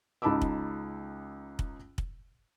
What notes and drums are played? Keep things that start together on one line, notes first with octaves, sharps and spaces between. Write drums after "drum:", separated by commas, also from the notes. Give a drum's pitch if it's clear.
C#2 D#4 A5 B5 D6 E6
drum: kick
drum: kick
drum: kick